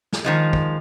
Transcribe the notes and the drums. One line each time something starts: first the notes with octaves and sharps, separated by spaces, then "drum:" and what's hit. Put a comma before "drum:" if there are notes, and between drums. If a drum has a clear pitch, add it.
drum: snare
D#3 F3 G#3
drum: kick